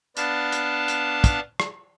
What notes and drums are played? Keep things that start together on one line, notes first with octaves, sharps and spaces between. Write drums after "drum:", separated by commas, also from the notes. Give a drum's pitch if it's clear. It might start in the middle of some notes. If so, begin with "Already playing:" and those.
B3 D4 F5 A5, drum: hi-hat
drum: hi-hat
drum: hi-hat
drum: kick, hi-hat
drum: rim click